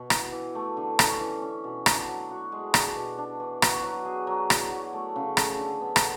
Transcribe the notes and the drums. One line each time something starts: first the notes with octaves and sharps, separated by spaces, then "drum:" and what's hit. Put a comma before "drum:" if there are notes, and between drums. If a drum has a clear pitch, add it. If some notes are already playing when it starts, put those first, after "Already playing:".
Already playing: B2
E4, drum: rim click
E3
A3
D3
C#4, drum: rim click
E3
C#4
B2
D4, drum: rim click
F#3
F#4
G#3
D4, drum: rim click
B2
D4
E3
F#4, drum: rim click
F#3
G#4
F#3
E4, drum: rim click
F#3
A3
C#3
A3, drum: rim click
D3
B3
drum: rim click